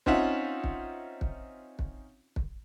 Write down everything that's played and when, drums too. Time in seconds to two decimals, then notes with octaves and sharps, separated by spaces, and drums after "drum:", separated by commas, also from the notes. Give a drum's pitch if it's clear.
0.06 C4 C#4 D#4 F4 E5 F#5, drum: kick
0.64 drum: kick
1.21 drum: kick
1.79 drum: kick
2.36 drum: kick